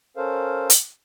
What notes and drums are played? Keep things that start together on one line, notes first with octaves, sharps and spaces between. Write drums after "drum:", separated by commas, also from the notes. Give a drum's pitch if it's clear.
C#4 A4 A#4 C5 F5
drum: hi-hat